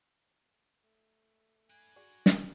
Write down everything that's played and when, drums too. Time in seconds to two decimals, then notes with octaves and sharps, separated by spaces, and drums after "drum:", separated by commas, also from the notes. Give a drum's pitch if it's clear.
0.84 A3
1.70 D4 B4 G#5
1.96 F#4 G#4 D5
2.26 drum: snare